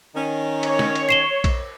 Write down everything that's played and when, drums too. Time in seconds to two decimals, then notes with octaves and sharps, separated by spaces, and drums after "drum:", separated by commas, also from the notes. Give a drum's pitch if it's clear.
0.16 D#3 C#4
0.63 C#5, drum: cymbal
0.79 drum: snare
0.95 drum: cymbal
1.09 C7 E7 G7
1.44 drum: kick A#1, cymbal